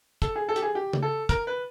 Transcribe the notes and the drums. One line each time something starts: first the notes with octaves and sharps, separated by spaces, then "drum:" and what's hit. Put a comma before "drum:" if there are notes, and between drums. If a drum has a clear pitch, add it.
A4, drum: kick, hi-hat
G#4
A4
G4, drum: hi-hat
G#4
G4
drum: tom C#3
A4
A#4, drum: kick, hi-hat
B4